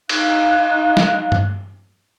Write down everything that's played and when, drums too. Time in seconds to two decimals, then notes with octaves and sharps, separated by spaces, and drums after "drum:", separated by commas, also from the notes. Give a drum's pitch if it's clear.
0.09 D#4 F5 F#6, drum: cymbal
0.97 drum: snare
1.32 drum: tom